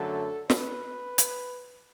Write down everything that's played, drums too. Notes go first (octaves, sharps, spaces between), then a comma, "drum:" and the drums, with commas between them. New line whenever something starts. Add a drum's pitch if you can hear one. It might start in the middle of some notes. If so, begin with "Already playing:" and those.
Already playing: F#2 D3 F#3 A3 A4
B4, drum: snare
drum: hi-hat